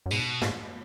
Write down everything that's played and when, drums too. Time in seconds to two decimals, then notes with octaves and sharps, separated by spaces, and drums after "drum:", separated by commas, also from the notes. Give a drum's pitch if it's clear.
0.06 F#2
0.11 G#2 B2, drum: tambourine
0.42 G#2, drum: snare